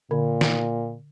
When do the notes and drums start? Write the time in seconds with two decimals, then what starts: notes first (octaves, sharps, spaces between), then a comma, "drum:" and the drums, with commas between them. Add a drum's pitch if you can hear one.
0.11 A#2 D3
0.41 drum: snare